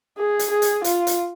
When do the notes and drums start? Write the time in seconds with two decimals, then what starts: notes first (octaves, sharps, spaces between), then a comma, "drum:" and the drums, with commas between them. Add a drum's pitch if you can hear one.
0.17 G#4
0.39 drum: hi-hat
0.51 G#4
0.62 drum: hi-hat
0.84 F4, drum: hi-hat
1.07 drum: hi-hat